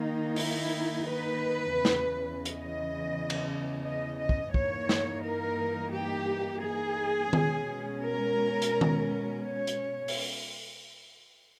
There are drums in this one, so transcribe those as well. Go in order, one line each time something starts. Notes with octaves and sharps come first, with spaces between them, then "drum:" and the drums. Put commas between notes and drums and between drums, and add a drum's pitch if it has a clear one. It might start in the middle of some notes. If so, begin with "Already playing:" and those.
Already playing: D#3 A#3 D#4
E4, drum: open hi-hat
B4
E2 C#3 E3
drum: snare
D#5, drum: hi-hat
drum: cymbal
D#5
D#5
drum: kick
G2 E3 A#3 D#4 C#5, drum: kick
drum: snare
A#4
G4
G#4
B2 G#3 C#4, drum: tom D#3
A#4
drum: hi-hat
drum: tom D#3
C#5
drum: hi-hat
drum: open hi-hat